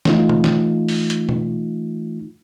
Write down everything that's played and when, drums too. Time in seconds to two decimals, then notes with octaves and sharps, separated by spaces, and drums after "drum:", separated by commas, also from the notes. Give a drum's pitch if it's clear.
0.05 E3 A3 D#4 F4, drum: snare
0.29 drum: tom B2
0.44 drum: snare
0.88 drum: open hi-hat
1.10 drum: hi-hat
1.29 drum: tom B2